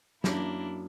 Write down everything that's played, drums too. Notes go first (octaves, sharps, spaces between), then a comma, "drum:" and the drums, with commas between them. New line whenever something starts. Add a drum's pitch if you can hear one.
F#2 A#3 D4 E4, drum: snare